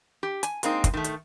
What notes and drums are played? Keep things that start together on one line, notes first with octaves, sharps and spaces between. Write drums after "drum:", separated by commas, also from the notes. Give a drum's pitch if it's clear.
G4
G#5, drum: hi-hat
G#3 A#3 C4 D#4, drum: hi-hat
drum: kick, hi-hat
D#3 A3
drum: hi-hat